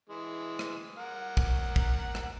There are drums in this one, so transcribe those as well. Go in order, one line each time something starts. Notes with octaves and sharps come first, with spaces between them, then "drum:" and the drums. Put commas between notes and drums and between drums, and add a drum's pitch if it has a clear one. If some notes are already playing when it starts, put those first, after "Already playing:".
E3 G#3
drum: rim click
A#4 F#5
drum: kick
drum: kick
drum: rim click